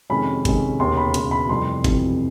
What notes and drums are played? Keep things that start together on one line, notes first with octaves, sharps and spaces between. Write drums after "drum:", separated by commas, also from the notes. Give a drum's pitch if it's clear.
F2 C3 D#3 G#3 C#4 B5
F2 C3 D#3 G#3 C#4, drum: kick, hi-hat
E1 D#2 C#3 C6
B5
E1 D#2 C#3 C6, drum: hi-hat
B5
F1 F2 C3 E3 G3 C6
F1 F2 C3 E3 G3, drum: kick, hi-hat